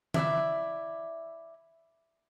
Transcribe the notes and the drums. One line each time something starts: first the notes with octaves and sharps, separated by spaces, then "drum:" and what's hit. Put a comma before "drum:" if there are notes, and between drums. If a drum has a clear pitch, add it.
E4 D5 E5, drum: tom D#3